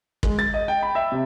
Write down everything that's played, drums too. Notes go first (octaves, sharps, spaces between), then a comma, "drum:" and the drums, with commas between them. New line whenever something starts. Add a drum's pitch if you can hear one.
G#3, drum: kick
A6
D#5
G5
B5
E5
C3